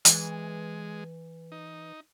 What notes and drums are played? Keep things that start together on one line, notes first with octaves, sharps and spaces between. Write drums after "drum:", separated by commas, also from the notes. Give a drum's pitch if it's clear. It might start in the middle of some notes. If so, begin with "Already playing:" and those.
E3 G#3, drum: hi-hat
D#4